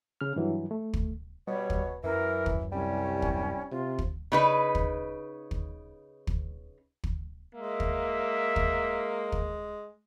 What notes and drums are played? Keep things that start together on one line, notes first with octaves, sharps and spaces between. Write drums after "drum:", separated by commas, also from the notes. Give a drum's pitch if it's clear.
C#3 F6
G2 E3 F#3
A3
drum: kick
B2 G3 C#5
drum: kick
F#2 E3 A#4
drum: kick
C2 G3 C#4
drum: kick
C3 F4
drum: kick
C#3 D#4 B4
drum: kick
drum: kick
drum: kick
drum: kick
G#3 A#3 E5
drum: kick
drum: kick
drum: kick